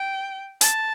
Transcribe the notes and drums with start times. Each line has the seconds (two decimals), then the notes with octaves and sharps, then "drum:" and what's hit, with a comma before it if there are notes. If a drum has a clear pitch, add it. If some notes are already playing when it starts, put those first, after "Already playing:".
Already playing: G5
0.61 A5, drum: hi-hat